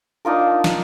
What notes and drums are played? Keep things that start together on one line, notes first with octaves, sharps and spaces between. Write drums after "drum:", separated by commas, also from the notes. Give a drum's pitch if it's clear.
D4 D#4 F4 A#4
drum: snare